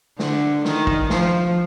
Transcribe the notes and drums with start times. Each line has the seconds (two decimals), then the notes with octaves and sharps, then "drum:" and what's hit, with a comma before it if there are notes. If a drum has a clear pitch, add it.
0.19 D3, drum: snare
0.65 D#3, drum: snare
0.87 drum: kick
1.10 F3, drum: snare